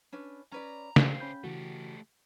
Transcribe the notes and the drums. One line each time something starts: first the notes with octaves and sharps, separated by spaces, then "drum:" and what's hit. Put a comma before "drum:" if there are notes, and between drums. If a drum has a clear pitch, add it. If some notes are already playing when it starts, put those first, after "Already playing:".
C#4 D4 B4
C#4 B4 D5 A#5
C#3 G#4 C5 F5 G5, drum: snare
C#4 B5 G6
C#3 E3 A3 F#4 G4